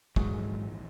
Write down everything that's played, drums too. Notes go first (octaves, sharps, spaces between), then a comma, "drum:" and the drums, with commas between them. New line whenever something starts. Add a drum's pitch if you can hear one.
A#1 G#2 D#3 E3 F#3, drum: kick